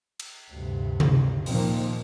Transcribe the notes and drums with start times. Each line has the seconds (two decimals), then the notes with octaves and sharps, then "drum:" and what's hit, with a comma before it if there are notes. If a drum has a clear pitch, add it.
0.19 drum: cymbal
0.51 D2 G2 C3
1.00 drum: tom C3
1.46 A#2 D#3 F3 A#3 C4, drum: open hi-hat